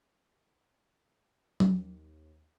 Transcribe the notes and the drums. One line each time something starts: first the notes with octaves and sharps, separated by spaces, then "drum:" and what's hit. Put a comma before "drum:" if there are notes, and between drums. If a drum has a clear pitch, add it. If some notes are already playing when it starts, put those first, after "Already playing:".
D#2, drum: tom F#3